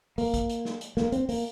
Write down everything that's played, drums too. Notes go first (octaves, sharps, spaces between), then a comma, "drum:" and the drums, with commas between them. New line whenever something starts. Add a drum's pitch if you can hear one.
A#3, drum: open hi-hat
drum: kick, hi-hat
drum: hi-hat
drum: snare
drum: hi-hat
A#3, drum: snare
C4, drum: hi-hat
A#3, drum: open hi-hat